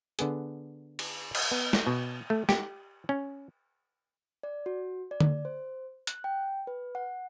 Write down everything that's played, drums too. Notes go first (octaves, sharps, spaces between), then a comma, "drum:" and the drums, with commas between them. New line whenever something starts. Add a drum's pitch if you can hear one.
D3 B3 G#4, drum: hi-hat
drum: cymbal
drum: cymbal
B3
drum: snare
B2
A3
G4, drum: snare
C#4
D5
F#4
D5
drum: tom D3
C5
F#6, drum: hi-hat
G5
B4
F#5